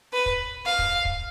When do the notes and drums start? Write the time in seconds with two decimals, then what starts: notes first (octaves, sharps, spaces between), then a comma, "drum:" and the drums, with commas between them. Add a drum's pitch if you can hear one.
0.13 B4
0.26 drum: kick
0.66 F5
0.79 drum: kick
1.05 drum: kick